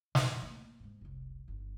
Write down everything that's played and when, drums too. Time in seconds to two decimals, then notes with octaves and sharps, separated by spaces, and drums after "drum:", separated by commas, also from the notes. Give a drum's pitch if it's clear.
0.15 F#2 E4, drum: snare
0.42 A3 A#3
0.80 G#2 G#3
1.01 F1 C2
1.48 G1 D#4